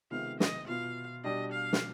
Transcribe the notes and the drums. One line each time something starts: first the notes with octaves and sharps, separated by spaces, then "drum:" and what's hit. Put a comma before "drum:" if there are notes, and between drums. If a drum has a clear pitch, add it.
C3 D#3 G#3 B3 F4 F5
D#5, drum: snare
B2 B3 F4 F5
B2 G3 D4 G4 D#5
F5
drum: snare